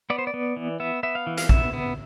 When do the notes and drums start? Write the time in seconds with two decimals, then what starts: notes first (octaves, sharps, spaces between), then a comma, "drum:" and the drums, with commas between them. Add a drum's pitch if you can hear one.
0.10 B3 D5
0.18 C5
0.27 D5
0.34 B3
0.57 E3
0.80 B3 E5
1.03 B3 E5
1.15 F5
1.27 E3
1.37 F5, drum: hi-hat
1.49 B3 E5, drum: kick A#1
1.73 B3